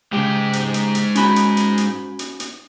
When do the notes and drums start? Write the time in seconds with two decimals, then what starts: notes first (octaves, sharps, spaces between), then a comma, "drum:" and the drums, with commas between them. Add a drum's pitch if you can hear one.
0.13 G#2 C#3 G#3 G4
0.53 drum: hi-hat
0.74 drum: hi-hat
0.95 drum: hi-hat
1.15 C#4 F#4 B5, drum: hi-hat
1.36 drum: hi-hat
1.57 drum: hi-hat
1.78 drum: hi-hat
2.19 drum: hi-hat
2.40 drum: hi-hat